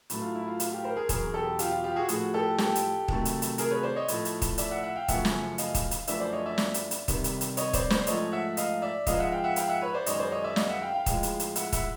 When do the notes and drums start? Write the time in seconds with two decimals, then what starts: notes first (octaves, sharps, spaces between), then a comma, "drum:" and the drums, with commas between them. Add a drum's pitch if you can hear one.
0.10 A2 F#3 A3, drum: hi-hat
0.22 F4
0.35 E4
0.47 F4
0.60 F4, drum: hi-hat
0.72 F4 G4
0.84 A#4 C5
0.96 G#4 A#4
1.09 E2 B2 F#3 G#4 A#4, drum: kick, hi-hat
1.34 G4 A4
1.59 F4 G4, drum: hi-hat
1.71 F4
1.84 F4 G4
1.96 F#4 G#4
2.09 A2 F3 A3 F#4 G#4, drum: hi-hat
2.34 G4 A4
2.58 G4 A4, drum: snare
2.75 drum: hi-hat
3.08 C3 D#3 F#3 A3, drum: kick
3.25 drum: hi-hat
3.42 drum: hi-hat
3.58 G#4 A#4, drum: hi-hat
3.70 B4 C#5
3.83 C5 D5
3.96 C#5 D#5
4.08 A2 F3 A3, drum: hi-hat
4.25 drum: hi-hat
4.42 drum: kick, hi-hat
4.58 D5 E5, drum: hi-hat
4.71 E5 F#5
4.83 E5 F#5
4.96 F5 G5
5.08 F#2 C#3 F3 A3 E5 F#5, drum: kick, hi-hat
5.25 drum: snare
5.58 D#5 F5, drum: hi-hat
5.75 drum: kick, hi-hat
5.91 drum: hi-hat
6.07 F#2 D3 F3 A3 D5 E5, drum: hi-hat
6.20 C5 D5
6.33 C#5 D#5
6.46 D5 E5
6.58 drum: snare
6.74 drum: hi-hat
6.91 drum: hi-hat
7.08 C3 D#3 G3, drum: kick, hi-hat
7.24 drum: hi-hat
7.41 drum: hi-hat
7.57 C#5 D#5, drum: hi-hat
7.73 C5 D5, drum: kick, hi-hat
7.90 C5 D5, drum: snare
8.07 G#2 F3 A3 C#5 D#5, drum: hi-hat
8.32 E5 F#5
8.57 D#5 F5, drum: hi-hat
8.82 D5 E5
9.07 G#2 F3 G#3 D#5 F5, drum: kick, hi-hat
9.19 E5 F#5
9.32 F5 G5
9.44 E5 F#5
9.56 F5 G5, drum: hi-hat
9.69 E5 F#5
9.82 B4 C#5
9.94 C5 D5
10.06 F#2 D#3 G#3 C#5 D#5, drum: hi-hat
10.19 C5 D5
10.31 C#5 D#5
10.44 D5 E5
10.56 D#5 F5, drum: snare
10.69 E5 F#5
10.81 F5 G5
10.94 F5 G5
11.06 A2 F3 G#3, drum: kick, hi-hat
11.23 drum: hi-hat
11.40 drum: hi-hat
11.56 E5 F#5, drum: hi-hat
11.72 E5 F#5, drum: kick, hi-hat